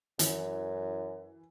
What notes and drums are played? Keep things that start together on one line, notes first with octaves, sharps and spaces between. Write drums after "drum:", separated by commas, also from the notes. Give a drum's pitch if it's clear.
F#2 E3, drum: hi-hat